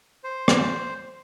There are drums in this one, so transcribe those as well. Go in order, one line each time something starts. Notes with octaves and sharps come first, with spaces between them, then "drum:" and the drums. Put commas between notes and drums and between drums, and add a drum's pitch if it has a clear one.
C5
drum: rim click